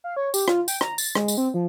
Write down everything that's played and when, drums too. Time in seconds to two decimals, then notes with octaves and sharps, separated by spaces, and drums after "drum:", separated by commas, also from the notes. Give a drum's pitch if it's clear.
0.04 F5
0.16 C#5
0.34 G4, drum: tambourine
0.48 F4, drum: rim click
0.68 G5, drum: tambourine
0.81 A#5, drum: rim click
0.98 A6, drum: tambourine
1.15 G#3, drum: rim click
1.28 drum: tambourine
1.38 C4
1.54 F3